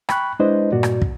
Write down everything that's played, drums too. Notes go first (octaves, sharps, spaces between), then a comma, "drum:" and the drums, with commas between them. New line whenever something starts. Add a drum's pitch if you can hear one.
G5 B5 C#6 F#6, drum: rim click
G#3 D4 E4 B4 C5 D#5
G2 A#2 F#4 D5
drum: rim click
drum: kick